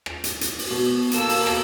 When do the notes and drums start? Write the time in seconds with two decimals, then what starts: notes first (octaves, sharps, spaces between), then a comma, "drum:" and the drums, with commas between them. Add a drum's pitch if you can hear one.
0.06 drum: rim click
0.24 drum: hi-hat
0.41 drum: hi-hat
0.59 drum: open hi-hat
0.71 B2
1.11 A#3 A4 E6, drum: hi-hat
1.29 drum: open hi-hat
1.47 drum: rim click